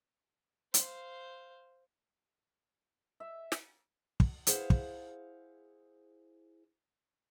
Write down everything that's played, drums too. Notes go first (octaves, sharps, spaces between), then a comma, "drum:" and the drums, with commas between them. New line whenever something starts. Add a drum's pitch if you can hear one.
C5 F5, drum: hi-hat
E5
drum: snare
drum: kick
E4 G#4 C5 D#5 F5 F#5, drum: hi-hat
drum: kick